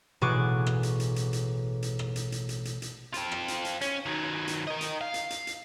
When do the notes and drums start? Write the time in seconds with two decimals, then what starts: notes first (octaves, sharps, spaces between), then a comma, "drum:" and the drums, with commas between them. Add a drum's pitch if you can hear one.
0.21 A1 B2 G#4 C#6 D6 F#6
0.66 drum: rim click
0.83 drum: hi-hat
1.00 drum: hi-hat
1.16 drum: hi-hat
1.33 drum: hi-hat
1.82 drum: hi-hat
1.99 drum: rim click
2.16 drum: hi-hat
2.32 drum: hi-hat
2.49 drum: hi-hat
2.65 drum: hi-hat
2.82 drum: hi-hat
3.14 C4 F4, drum: hi-hat
3.32 drum: rim click
3.48 drum: hi-hat
3.65 drum: hi-hat
3.81 C#4, drum: hi-hat
4.06 D#3 F#3
4.48 drum: hi-hat
4.67 A#4 D#5
4.81 drum: hi-hat
5.01 F5
5.14 drum: hi-hat
5.30 drum: hi-hat
5.47 drum: hi-hat